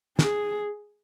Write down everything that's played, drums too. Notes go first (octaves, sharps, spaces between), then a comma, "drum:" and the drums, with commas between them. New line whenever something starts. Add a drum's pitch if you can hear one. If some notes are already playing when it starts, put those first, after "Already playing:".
G#4, drum: snare